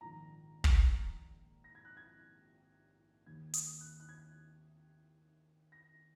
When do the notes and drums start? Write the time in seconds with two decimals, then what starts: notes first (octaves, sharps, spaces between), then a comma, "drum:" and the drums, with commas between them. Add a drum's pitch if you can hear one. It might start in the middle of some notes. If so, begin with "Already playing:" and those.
0.01 A#1 G#2 D#3 A#5
0.64 drum: kick
1.64 A#6
1.75 G#6
1.85 F#6
1.97 G#6
3.26 D#2 D#3 A#3 G#6
3.54 D#6, drum: hi-hat
3.81 F#6
4.00 F#6
4.09 G#6
5.72 A#6